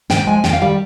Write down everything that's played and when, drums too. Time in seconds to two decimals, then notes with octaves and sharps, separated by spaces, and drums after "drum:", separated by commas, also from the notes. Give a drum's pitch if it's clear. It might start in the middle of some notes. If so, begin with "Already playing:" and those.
0.10 G#2 G5, drum: snare
0.27 F3 G#3 G#5
0.44 F2 G5, drum: snare
0.53 F5
0.61 D#3 G3 G5